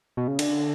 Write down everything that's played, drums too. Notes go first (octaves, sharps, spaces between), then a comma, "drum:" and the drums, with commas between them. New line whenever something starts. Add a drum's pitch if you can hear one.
B2
C#3
D3, drum: cymbal